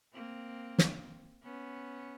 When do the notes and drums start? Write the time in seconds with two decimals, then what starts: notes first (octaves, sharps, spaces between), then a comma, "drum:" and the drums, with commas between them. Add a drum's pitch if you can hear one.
0.14 A#3 C4
0.78 drum: snare
1.43 B3 C#4